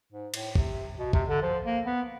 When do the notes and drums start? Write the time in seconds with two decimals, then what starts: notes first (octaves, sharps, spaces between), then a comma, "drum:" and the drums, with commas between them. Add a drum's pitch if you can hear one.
0.12 G#2
0.34 A2, drum: cymbal
0.55 C3, drum: kick
0.99 B2
1.13 C3, drum: kick
1.29 D3
1.43 F3
1.65 A#3
1.86 B3